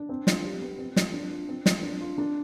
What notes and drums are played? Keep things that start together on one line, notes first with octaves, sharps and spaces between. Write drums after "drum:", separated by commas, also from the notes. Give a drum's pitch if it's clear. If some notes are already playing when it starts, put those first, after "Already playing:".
Already playing: D4
C4
F4, drum: snare
G3
B3
C4
F4, drum: snare
D4
F4
C4
F4, drum: snare
D4
F4
D4